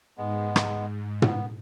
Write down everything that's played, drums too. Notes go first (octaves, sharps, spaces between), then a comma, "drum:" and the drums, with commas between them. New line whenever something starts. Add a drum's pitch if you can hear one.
G#2 G#3 B3
drum: rim click
B3, drum: tom